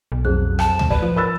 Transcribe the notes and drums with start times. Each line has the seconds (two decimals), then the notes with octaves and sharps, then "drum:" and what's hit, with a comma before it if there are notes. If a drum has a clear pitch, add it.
0.12 B1
0.25 F2 F#3 G#4 F#6
0.59 A5, drum: rim click
0.79 drum: tom C#2
0.90 A1 B4 D5 B5
1.02 F3
1.16 A#4 B5 E6 A6